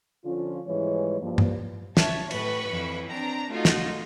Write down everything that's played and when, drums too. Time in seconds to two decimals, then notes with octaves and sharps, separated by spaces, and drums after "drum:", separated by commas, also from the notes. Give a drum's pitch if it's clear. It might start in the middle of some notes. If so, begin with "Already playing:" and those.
0.24 D3 F3 C#4 F4
0.67 G#2 E3 F3 G3 G#3 C#5
1.21 G2 F3 A#3
1.38 drum: tom G2
1.97 C#5 E5 A5, drum: snare
2.31 A2 B4 B5 C#6, drum: cymbal
2.68 F2 E3
3.09 C4 D4 A#5
3.50 A3 D#4 F4 F#4
3.65 drum: snare